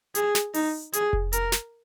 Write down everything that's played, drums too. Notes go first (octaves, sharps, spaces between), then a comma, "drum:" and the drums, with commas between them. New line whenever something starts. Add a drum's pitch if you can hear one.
G#4, drum: hi-hat
drum: snare
D#4, drum: open hi-hat
G#4, drum: hi-hat
drum: kick F1
A#4, drum: hi-hat
drum: snare